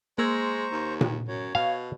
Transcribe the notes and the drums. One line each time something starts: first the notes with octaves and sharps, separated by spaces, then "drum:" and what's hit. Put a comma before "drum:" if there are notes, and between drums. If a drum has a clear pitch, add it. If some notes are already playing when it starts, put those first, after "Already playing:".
G#3 A#3 C5 A#5 C#6 E6 G#6
D#2
drum: tom A#2
F#2 C#5
B2 F5